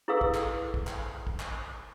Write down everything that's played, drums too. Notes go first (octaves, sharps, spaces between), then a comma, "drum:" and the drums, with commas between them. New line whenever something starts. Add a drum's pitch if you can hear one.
E4 G#4 A4 B4 F5 E6
drum: kick
drum: clap
drum: kick
drum: clap
drum: kick
drum: clap